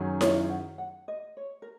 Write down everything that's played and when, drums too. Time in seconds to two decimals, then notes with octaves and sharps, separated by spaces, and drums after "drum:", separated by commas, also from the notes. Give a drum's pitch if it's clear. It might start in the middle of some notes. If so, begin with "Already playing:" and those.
Already playing: F#2 D#3 F#3 C#4 G#4
0.21 C#5, drum: snare E4
0.49 F#5
0.78 F#5
1.08 D#5
1.37 C#5
1.62 A#4